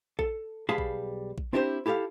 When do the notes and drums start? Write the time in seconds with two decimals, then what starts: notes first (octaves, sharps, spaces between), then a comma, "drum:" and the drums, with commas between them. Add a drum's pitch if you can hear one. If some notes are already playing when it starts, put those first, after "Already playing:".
0.19 A4, drum: kick A#1
0.69 B1 G3 G#4 F5 A5 B5
0.78 drum: kick A#1
1.38 drum: kick A#1
1.53 C4 D4 E4 G4 B4 C5
1.86 E4 G4 A4 C#5 F5